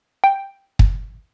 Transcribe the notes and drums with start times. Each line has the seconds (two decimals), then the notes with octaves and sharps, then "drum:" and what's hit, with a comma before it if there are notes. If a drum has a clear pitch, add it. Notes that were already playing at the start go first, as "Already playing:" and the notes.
0.24 G5
0.79 drum: kick